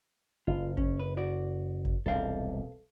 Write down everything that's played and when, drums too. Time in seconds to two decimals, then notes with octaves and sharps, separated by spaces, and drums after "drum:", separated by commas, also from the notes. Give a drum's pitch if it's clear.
0.47 F#1 F4
0.77 C#4, drum: kick G1
1.00 B4
1.17 F#4 D5
1.85 drum: kick G1
2.06 E1 C2 A#2 A4 F5